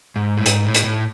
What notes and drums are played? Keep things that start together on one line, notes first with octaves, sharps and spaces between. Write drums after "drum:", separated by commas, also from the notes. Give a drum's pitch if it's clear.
G#2
A2
G#2, drum: hi-hat
A2
drum: hi-hat
A2